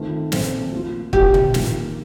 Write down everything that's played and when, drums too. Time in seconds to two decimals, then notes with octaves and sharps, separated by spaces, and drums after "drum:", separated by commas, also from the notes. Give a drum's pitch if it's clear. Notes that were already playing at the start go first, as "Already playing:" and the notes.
Already playing: D#3 A3 C4 F4
0.32 A#2 A3 C4, drum: snare
0.72 F3 A#3 F4
1.13 F3 C4 F4 G4, drum: kick
1.34 drum: tom A#2
1.54 D#3 A#3 F4, drum: snare